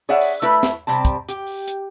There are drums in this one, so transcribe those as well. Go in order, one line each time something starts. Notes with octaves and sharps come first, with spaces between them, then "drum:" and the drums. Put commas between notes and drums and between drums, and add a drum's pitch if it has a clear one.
G#4 C#5 D5 E5 F#5
drum: open hi-hat
A3 E4 B4, drum: hi-hat
drum: snare
C3 G3 C4 A5
drum: kick, hi-hat
G4, drum: hi-hat
drum: open hi-hat
drum: hi-hat